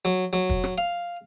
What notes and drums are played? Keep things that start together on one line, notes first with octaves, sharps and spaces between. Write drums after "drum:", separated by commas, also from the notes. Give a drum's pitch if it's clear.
F#3
F#3
drum: kick
drum: rim click
F5